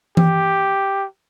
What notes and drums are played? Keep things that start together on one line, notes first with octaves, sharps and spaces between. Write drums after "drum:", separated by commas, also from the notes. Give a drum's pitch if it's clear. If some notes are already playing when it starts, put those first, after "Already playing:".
G4, drum: tom E3